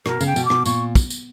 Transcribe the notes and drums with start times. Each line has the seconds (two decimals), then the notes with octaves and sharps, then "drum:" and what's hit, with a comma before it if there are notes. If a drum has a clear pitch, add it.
0.06 B2 A#4, drum: rim click
0.21 C#3, drum: tambourine
0.26 G5
0.36 B2, drum: tambourine
0.45 D6
0.50 B2, drum: rim click
0.66 A#2 C#6, drum: tambourine
0.95 drum: kick, tambourine
1.10 drum: tambourine